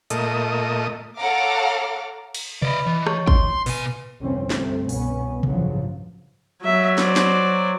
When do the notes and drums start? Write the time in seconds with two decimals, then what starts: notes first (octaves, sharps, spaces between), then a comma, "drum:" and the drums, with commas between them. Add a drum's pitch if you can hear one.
0.10 A#2 A3 D#5, drum: hi-hat
1.19 A4 C#5 F5 F#5 A#5 D6
2.35 drum: cymbal
2.62 B4 D5 D#5 B5, drum: tom C3
2.87 E3 D#5
3.06 C#5 C#6, drum: rim click
3.27 C6, drum: kick
3.66 B2 B4 G#5, drum: open hi-hat
4.20 G1 C2 F2 E3 C4 C#4
4.50 G2 C3 A3 C4, drum: snare
4.89 C2 B2 B3 C#4, drum: open hi-hat
5.43 A1 G2 C#3 F3 F#3, drum: tom C3
6.64 F#3 E5
6.98 C5 D5, drum: snare
7.16 drum: snare